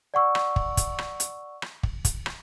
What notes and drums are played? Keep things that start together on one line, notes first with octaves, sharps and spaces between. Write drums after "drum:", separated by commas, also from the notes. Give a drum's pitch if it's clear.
D5 F#5 C#6 E6
drum: rim click
drum: kick
drum: kick, hi-hat
drum: rim click
drum: hi-hat
drum: rim click
drum: kick
drum: kick, hi-hat
drum: rim click